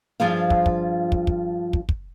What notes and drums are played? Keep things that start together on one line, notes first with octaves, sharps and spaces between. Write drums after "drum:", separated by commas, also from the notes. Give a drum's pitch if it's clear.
G2 F3 F4 G#4 C5 F5
drum: kick
drum: kick
drum: kick
drum: kick
drum: kick
drum: kick